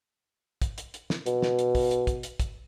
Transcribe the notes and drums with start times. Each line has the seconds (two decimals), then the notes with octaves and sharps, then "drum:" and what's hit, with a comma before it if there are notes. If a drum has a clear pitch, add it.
0.62 drum: kick, hi-hat
0.78 drum: hi-hat
0.94 drum: hi-hat
1.10 drum: snare
1.26 B2, drum: hi-hat
1.42 drum: snare
1.59 drum: hi-hat
1.75 drum: kick, open hi-hat
1.91 drum: hi-hat
2.07 drum: kick, hi-hat
2.23 drum: hi-hat
2.40 drum: kick, hi-hat